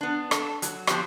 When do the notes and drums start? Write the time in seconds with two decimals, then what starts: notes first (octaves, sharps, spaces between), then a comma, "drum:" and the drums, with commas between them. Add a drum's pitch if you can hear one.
0.01 B3 D4
0.31 A4, drum: rim click
0.62 F#3, drum: hi-hat
0.87 F3 B3 G4 C5, drum: rim click